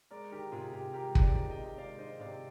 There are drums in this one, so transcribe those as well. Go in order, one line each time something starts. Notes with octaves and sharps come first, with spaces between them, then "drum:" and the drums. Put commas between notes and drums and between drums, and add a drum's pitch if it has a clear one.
G#3 A#4 D5
D#3 G4 A#4
C3 F4 G#4
C3 G4
G#3 G4 A#4
D#3, drum: kick
A#4 D5
C3
D#5 G5
C3
G#3 D5 F5
D#3 C5 D#5
C3 D5 F5